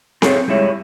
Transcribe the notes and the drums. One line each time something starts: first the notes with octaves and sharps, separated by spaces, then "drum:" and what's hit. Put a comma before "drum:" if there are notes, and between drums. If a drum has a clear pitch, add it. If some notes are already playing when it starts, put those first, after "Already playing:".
C4 G#4 A4 C#5 F#5 G5, drum: snare C4
G3 G#3 E4 C#5